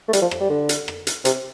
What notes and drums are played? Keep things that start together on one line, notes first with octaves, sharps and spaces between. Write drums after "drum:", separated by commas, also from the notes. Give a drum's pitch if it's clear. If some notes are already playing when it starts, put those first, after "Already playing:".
A3
G3, drum: hi-hat
F3
drum: rim click
G3
D3
drum: hi-hat
drum: rim click
drum: hi-hat
C3, drum: hi-hat